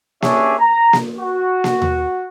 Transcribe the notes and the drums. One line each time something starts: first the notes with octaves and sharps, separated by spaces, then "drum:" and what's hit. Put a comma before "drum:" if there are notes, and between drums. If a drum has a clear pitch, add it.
C#4 D4 G4 G#4 C#5 E5, drum: snare A#3
A#5
drum: snare A#3
F#4
drum: snare A#3
drum: tom D#2